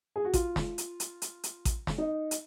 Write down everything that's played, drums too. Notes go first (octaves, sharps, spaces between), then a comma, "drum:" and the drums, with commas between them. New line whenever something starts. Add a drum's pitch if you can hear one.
G#4
F#4
F4, drum: kick A1, hi-hat
drum: snare
drum: hi-hat
drum: hi-hat
drum: hi-hat
drum: hi-hat
drum: kick A1, hi-hat
drum: snare
D#4
drum: hi-hat